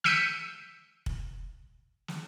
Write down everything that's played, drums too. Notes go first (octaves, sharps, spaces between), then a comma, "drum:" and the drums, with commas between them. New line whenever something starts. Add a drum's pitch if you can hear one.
E6 G6 B6 C#7 D#7, drum: snare
drum: kick
drum: snare